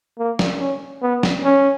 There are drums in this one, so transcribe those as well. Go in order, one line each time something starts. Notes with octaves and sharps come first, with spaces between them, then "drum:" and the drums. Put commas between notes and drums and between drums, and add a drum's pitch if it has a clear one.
A#3
drum: snare
C#4
B3
drum: snare
C#4